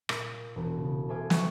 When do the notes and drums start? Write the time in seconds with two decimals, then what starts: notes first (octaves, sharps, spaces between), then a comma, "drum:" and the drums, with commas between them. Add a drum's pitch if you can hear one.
0.09 A#2, drum: rim click
0.56 E1
0.78 C#3
1.09 A4 C5 E5 G#5 D6 F6
1.30 G5 C#6, drum: snare